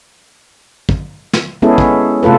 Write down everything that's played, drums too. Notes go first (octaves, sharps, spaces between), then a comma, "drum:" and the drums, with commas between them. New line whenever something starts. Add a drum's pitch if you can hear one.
drum: kick
drum: snare
G#3 B3 C#4 E4 G#4 A4
drum: kick
C3 A3 F4 A4 B4